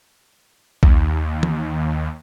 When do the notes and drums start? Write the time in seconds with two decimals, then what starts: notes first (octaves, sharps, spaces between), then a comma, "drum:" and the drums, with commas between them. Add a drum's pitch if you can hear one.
0.83 D#2, drum: kick A#1
1.43 drum: tom